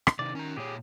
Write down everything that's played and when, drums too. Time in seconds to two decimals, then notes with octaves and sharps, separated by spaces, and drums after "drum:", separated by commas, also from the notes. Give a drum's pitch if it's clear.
0.07 drum: rim click
0.19 C3 D#3 D5
0.35 D#3 C#4 A#5
0.57 A#2 G4 G#4 C#5